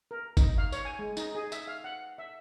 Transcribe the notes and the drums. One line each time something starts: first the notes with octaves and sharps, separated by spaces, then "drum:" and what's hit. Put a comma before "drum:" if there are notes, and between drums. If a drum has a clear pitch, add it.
A#4
D#4, drum: kick G1, tambourine
F5
C#5, drum: tambourine
G#5
G#3
D#4, drum: tambourine
G#4
E5, drum: tambourine
F5
F#5
E5